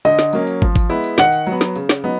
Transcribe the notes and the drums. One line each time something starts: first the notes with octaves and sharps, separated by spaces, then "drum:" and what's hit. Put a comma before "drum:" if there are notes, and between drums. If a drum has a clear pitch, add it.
D3 D#5, drum: tambourine
drum: snare
F#3 A#3 C#4, drum: tambourine
drum: tambourine
F3, drum: kick
drum: kick, tambourine
G#3 B3 E4, drum: tambourine
drum: tambourine
D#3 F#5, drum: snare
drum: tambourine
F#3 B3, drum: tambourine
drum: snare
C#3, drum: tambourine
drum: snare
F#3 B3 D#4